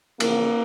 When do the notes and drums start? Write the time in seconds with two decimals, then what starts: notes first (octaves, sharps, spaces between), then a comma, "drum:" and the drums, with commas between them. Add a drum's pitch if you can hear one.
0.20 E2 C#3 F3 A#3, drum: cymbal